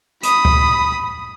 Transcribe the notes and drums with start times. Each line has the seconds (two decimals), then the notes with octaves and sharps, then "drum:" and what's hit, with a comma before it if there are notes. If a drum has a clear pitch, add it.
0.23 B5 D#6, drum: hi-hat
0.45 drum: kick D2